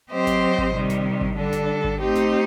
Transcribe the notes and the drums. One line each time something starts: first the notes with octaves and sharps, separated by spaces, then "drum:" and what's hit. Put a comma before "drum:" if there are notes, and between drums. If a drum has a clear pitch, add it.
F#3 C4 G4 C5 D#5
drum: snare G#1
drum: kick G#1
C3 D#3 G3
drum: snare G#1
drum: kick G#1
D3 G3 D4 A4
drum: snare G#1
drum: kick G#1
A3 C4 D#4 G4 C5
drum: snare G#1